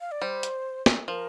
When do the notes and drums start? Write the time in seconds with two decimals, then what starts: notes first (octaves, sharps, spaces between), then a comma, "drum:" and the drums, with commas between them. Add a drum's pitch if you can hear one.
0.01 F5
0.11 D5
0.22 G3 C5
0.43 drum: hi-hat
0.86 drum: snare
1.08 F3 A#4